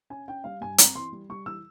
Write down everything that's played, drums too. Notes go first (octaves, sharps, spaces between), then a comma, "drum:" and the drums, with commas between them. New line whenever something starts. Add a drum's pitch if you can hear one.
C#4 G#5
C#4 G5
G3 F5
G2 G#5
C4 A#5, drum: hi-hat
E3 C6
G3
G3 C#6
E3 E6